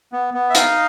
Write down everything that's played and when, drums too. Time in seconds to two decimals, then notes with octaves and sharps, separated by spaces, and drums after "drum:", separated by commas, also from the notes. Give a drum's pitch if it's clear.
0.13 B3
0.34 B3
0.50 E5
0.55 D#4 D#5 F5, drum: hi-hat